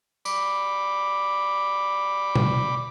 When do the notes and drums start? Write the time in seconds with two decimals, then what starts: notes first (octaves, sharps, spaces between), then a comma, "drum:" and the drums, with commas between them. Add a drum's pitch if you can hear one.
0.25 D5 B5 D6, drum: tambourine
2.35 drum: tom B2